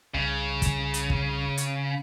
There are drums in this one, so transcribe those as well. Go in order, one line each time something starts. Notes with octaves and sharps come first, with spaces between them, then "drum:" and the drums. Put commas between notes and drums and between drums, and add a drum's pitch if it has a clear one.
C2 C#3
drum: kick, hi-hat
drum: hi-hat
drum: kick
drum: hi-hat